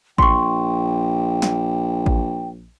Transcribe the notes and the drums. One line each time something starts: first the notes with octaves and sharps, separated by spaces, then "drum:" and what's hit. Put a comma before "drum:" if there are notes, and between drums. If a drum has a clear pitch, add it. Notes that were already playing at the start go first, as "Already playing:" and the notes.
A#1 G5 C6 C#6, drum: kick A1
drum: snare
drum: kick A1